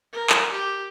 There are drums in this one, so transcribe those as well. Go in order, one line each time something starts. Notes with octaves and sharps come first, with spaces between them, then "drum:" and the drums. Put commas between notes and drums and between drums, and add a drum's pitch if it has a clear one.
A#4
drum: clap
G4